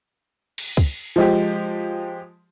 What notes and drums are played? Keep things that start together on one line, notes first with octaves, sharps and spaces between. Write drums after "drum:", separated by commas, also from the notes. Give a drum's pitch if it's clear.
drum: cymbal
drum: kick
F3 G#3 G4